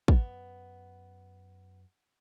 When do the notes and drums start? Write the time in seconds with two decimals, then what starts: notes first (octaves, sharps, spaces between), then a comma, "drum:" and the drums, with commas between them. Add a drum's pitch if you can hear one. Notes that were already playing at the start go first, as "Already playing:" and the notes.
0.08 F#2 B3, drum: kick